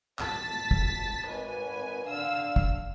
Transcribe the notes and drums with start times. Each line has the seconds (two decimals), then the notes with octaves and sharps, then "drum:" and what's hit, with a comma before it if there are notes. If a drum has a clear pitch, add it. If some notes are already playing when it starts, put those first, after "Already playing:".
0.19 A5 A6 B6, drum: clap
0.71 drum: kick
1.28 G#1 B4 G#5
2.06 D3 F5 E6
2.56 drum: kick